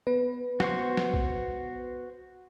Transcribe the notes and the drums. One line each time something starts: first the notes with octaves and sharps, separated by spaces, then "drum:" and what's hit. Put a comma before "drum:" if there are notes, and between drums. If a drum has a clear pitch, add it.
B3 B4
F#4 C5 C#6, drum: snare
drum: snare
drum: kick A#1